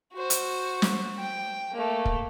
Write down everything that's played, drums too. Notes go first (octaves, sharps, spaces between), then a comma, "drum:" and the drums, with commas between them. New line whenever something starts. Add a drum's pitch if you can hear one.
F#4 C5
drum: hi-hat
drum: snare
G5
A3 A#3
drum: kick